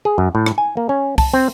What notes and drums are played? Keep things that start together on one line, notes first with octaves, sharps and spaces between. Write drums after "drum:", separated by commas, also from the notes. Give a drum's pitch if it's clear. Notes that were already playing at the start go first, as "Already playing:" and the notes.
G#4
F#2
A2
drum: rim click
G#5
A#3
C#4
A5, drum: kick, open hi-hat
C4